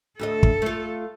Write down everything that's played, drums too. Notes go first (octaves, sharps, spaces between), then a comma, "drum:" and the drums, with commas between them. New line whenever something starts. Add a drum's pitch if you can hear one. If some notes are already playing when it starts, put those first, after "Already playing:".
D2 A3 A4 D#5
drum: kick
A3 F4